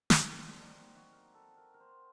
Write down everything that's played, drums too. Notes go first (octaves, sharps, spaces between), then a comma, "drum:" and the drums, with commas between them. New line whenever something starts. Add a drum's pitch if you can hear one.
A#3, drum: snare
C4
D4
D#4
F#4
F#4
A#4
A4
A#4
A#4
C5